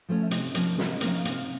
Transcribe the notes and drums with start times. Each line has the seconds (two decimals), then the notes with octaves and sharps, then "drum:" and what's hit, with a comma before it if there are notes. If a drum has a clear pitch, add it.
0.09 F3 A3 C#4
0.23 E5
0.31 C3 D#5, drum: hi-hat
0.54 F3 A#3 C#4 C#5, drum: hi-hat
0.78 C3 D5, drum: snare
0.93 D#5
1.01 F3 A#3 C#4, drum: hi-hat
1.08 F5
1.25 C3 F5, drum: hi-hat